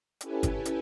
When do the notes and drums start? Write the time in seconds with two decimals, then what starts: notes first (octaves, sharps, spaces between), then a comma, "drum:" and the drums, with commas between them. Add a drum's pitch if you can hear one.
0.21 C#4 E4 G4 A4 B4 G#5, drum: hi-hat
0.43 drum: kick G1, hi-hat
0.65 drum: hi-hat